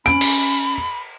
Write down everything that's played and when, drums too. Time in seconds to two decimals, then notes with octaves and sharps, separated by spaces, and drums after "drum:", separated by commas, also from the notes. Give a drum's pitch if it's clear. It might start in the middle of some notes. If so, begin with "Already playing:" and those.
0.06 C#4 B5 D7
0.21 drum: cymbal